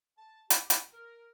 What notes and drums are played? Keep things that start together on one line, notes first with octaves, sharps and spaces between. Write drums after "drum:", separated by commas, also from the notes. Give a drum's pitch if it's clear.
A5
G4, drum: hi-hat
drum: hi-hat
A#4